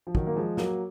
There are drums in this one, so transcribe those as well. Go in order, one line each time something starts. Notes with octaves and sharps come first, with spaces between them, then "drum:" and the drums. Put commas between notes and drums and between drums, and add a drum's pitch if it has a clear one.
F3
D#3 F#3, drum: kick
A#3
F3 G#3
F#3 A#3, drum: snare